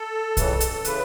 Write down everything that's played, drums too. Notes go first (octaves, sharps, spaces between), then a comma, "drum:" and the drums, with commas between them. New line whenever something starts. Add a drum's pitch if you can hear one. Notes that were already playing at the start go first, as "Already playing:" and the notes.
Already playing: A4
F2 C#3 E3, drum: kick, hi-hat
drum: hi-hat
C#3 E3 B4, drum: hi-hat